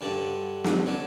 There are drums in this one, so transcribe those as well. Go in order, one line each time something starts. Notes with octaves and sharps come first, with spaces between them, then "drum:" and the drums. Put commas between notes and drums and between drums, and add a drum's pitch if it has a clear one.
G2 D3 F#3
drum: snare
D3 F#3